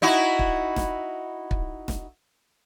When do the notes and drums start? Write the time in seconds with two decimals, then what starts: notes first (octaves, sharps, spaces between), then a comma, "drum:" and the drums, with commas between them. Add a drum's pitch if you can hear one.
0.02 D#4 E4 F#4
0.39 drum: kick
0.76 drum: snare E1
1.51 drum: kick
1.88 drum: snare E1